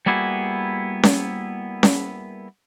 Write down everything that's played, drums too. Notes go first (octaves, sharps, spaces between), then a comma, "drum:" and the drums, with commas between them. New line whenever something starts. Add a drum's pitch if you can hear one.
G3 A#3 B3 E4 F#4 G#4
drum: snare C#4
drum: snare C#4